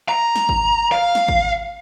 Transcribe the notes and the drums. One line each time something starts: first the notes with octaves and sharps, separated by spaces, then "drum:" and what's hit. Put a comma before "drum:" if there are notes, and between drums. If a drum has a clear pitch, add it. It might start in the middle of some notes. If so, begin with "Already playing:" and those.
A#5
drum: snare
drum: kick G#1
F5
drum: snare
drum: kick G#1